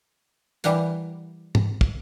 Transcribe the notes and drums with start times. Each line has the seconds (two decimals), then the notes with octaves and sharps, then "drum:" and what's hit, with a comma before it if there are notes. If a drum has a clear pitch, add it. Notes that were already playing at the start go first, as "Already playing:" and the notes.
0.64 E3 G3 A#4 F#5, drum: hi-hat
1.55 drum: tom G#2
1.81 drum: kick